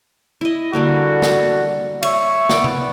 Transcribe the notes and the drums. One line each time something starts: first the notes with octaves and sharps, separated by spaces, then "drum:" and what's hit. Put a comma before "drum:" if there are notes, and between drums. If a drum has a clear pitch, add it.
E4 D#5
D3 G3 A#3 F#4 A4
drum: snare
C#5 E5 C#6, drum: cymbal
B3 D5, drum: snare
drum: tom C3